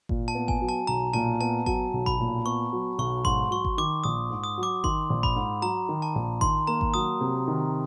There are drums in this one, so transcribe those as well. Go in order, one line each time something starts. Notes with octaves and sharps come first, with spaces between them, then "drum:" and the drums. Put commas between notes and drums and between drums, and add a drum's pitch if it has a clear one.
A#2, drum: kick G#1
A5
B3
G#5, drum: kick G#1
F#3
A5
B1 A#5
A#2 A5
B3 A5
F#3 A5, drum: kick G#1
B1
B5, drum: kick G#1
A#2
B3 C#6
F#3
B1 C#6
G#2 C6, drum: kick G#1
F#3 C#6
drum: kick G#1
D#3 D6
A#1 D#6
G#2
D#6
F#3
D6
D#3 C6, drum: kick G#1
A#1
B5, drum: kick G#1
G#2
F#3 A#5
D#3
A5
A#1
D#3 C6, drum: kick G#1
A#3 A#5
drum: kick G#1
F#3 D#6
C3
D#3